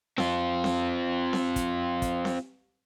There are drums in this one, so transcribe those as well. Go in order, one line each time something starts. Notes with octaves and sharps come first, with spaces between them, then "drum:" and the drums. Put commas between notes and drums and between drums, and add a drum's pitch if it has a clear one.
C4 F4, drum: snare C4
drum: snare C4
drum: snare C4
drum: kick, hi-hat
drum: kick, hi-hat
drum: snare C4